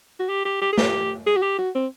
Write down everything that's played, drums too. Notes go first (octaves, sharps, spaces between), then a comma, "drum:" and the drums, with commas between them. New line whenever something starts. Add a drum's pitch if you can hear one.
F#4
G4
G4
G4
G#4
G4, drum: snare
G#4
F#4
G4
F#4
C4